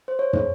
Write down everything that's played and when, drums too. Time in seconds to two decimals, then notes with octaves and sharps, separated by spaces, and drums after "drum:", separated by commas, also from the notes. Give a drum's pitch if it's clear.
0.08 C5
0.19 C#5
0.33 drum: tom